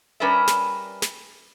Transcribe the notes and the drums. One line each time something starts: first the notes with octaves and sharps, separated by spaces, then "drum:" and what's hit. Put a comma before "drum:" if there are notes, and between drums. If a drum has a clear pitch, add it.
G3 C#4 A#4 B4 D5 E5
drum: snare
drum: snare